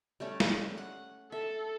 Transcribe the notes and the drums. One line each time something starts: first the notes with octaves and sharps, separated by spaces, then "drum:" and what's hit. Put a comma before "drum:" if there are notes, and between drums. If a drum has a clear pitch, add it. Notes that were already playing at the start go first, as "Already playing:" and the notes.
G3 A3 C#4
drum: snare
F#5
A4 E5